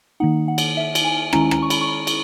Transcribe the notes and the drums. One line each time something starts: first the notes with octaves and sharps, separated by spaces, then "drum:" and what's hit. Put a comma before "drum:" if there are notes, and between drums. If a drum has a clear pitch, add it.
D#3 A#3 D#4 F#5
F#5
drum: cymbal
E5
drum: cymbal
G#5
D#3 G#3 C#4 E4 A#5, drum: rim click
A#5, drum: rim click
C#6
B5, drum: cymbal
C#6
B5
drum: cymbal